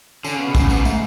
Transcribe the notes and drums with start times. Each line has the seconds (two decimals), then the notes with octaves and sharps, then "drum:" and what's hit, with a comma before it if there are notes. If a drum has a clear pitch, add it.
0.24 D3 C#4, drum: tambourine
0.35 C#3 B3
0.47 B2
0.55 A2 C#4, drum: kick, tambourine
0.70 G#2 B3, drum: tambourine
0.85 A3, drum: tambourine